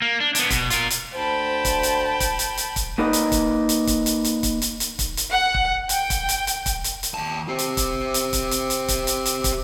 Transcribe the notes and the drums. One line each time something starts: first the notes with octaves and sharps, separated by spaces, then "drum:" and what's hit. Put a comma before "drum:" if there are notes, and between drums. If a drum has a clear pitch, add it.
A#3
D4
B3 D4, drum: hi-hat
B2, drum: kick, hi-hat
F4 A#4, drum: hi-hat
drum: hi-hat
D2 C5 G5 A5 B5
drum: kick, hi-hat
drum: hi-hat
drum: kick, hi-hat
drum: hi-hat
drum: hi-hat
drum: kick, hi-hat
A#3 D#4 A#4 B4 D5 D#5
drum: hi-hat
drum: kick, hi-hat
drum: hi-hat
drum: kick, hi-hat
drum: hi-hat
drum: hi-hat
drum: kick, hi-hat
drum: hi-hat
drum: hi-hat
drum: kick, hi-hat
drum: hi-hat
F#5
drum: kick
G5, drum: hi-hat
drum: kick, hi-hat
drum: hi-hat
drum: hi-hat
drum: kick, hi-hat
drum: hi-hat
drum: hi-hat
D#2 A5
G4 C5
drum: hi-hat
drum: kick, hi-hat
drum: hi-hat
drum: kick, hi-hat
drum: hi-hat
drum: hi-hat
drum: kick, hi-hat
drum: hi-hat
drum: hi-hat
drum: kick, hi-hat